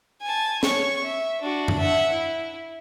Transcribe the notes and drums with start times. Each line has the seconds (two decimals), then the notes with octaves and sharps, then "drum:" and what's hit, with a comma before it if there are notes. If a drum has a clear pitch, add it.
0.21 G#5 A5
0.63 C#5 C#6, drum: snare
1.04 E5
1.41 D4 F#4
1.68 drum: tom F2
1.79 E5 F#5
2.12 E4